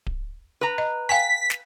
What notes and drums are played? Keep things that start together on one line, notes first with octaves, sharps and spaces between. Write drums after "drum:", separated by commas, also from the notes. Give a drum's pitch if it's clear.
drum: kick D1
B4 A#5
D#5
F5 G5 G#5 B6
drum: snare